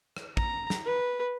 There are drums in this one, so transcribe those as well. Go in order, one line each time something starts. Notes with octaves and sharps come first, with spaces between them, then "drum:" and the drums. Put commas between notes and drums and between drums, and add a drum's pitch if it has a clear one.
drum: rim click
A#5, drum: kick
drum: snare
B4